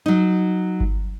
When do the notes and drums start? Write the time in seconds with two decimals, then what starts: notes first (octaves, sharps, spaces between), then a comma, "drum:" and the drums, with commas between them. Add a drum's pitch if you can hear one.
0.06 F#3 D#4
0.81 drum: kick G1